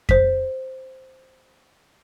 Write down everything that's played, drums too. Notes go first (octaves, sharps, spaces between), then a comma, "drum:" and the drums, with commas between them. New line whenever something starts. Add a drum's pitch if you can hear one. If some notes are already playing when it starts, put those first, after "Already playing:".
C5 B6, drum: kick F2